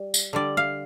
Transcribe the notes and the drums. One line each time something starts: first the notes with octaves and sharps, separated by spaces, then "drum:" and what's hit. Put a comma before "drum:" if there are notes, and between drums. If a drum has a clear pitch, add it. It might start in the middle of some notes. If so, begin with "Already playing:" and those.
Already playing: G3
drum: tambourine
D3 G3 D5
F5